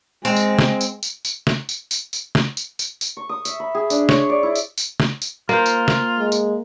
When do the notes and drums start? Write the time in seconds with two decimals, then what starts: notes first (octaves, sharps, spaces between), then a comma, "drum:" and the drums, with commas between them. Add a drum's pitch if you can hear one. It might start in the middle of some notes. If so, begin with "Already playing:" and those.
0.25 G#3 C4
0.36 drum: tambourine
0.59 drum: snare
0.81 drum: tambourine
1.03 drum: tambourine
1.25 drum: tambourine
1.47 drum: snare
1.69 drum: tambourine
1.91 drum: tambourine
2.13 drum: tambourine
2.35 drum: snare
2.57 drum: tambourine
2.79 drum: tambourine
3.01 drum: tambourine
3.17 C#6
3.29 D#6
3.45 E5, drum: tambourine
3.60 B5
3.75 G#4
3.90 D4, drum: tambourine
4.09 C#5, drum: snare
4.30 D5
4.43 E4
4.55 drum: tambourine
4.78 drum: tambourine
5.00 drum: snare
5.22 drum: tambourine
5.49 A#3 F4 C5
5.66 drum: tambourine
5.88 drum: snare
6.18 G#3
6.32 drum: tambourine